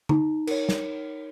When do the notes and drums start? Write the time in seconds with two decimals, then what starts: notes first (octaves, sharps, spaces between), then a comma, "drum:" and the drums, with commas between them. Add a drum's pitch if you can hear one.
0.09 D#4 A#5, drum: tom
0.47 A#4 C#5, drum: cymbal
0.69 drum: snare